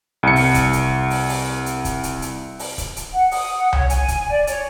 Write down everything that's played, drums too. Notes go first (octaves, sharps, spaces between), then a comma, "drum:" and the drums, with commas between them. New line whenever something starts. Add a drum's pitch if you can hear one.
C2 C#7
drum: open hi-hat
drum: kick C#1, hi-hat
drum: hi-hat
drum: open hi-hat
drum: open hi-hat
drum: hi-hat
drum: kick C#1, hi-hat
drum: hi-hat
drum: hi-hat
drum: open hi-hat
drum: kick C#1, hi-hat
drum: hi-hat
F#5
D#6, drum: open hi-hat
F#5
C#5, drum: tom C2
G#5, drum: hi-hat
drum: kick C#1, hi-hat
D5
C#5, drum: hi-hat